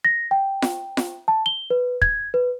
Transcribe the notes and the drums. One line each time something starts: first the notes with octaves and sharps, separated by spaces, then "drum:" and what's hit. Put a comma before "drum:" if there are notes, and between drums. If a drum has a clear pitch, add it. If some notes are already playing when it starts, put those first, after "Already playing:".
A#6
G5
drum: snare F4
drum: snare F4
A5
G7
B4
G#6, drum: kick
B4